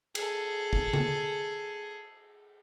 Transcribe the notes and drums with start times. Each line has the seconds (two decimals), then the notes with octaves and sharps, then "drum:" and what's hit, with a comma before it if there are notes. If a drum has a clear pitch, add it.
0.15 G#4 A4, drum: cymbal
0.73 drum: kick
0.93 drum: tom C#3